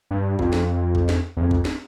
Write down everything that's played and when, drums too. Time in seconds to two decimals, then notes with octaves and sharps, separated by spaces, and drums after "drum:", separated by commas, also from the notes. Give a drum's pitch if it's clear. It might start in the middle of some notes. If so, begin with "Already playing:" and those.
0.11 G2
0.39 F2, drum: kick
0.53 drum: snare
0.95 drum: kick
1.09 drum: snare
1.37 E2
1.41 F2
1.51 drum: kick
1.65 drum: snare